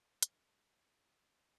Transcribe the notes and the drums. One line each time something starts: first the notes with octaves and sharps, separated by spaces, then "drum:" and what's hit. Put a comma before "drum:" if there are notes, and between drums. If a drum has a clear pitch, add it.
G#3
G#3, drum: hi-hat
A#3
G#3
F3
G3 C4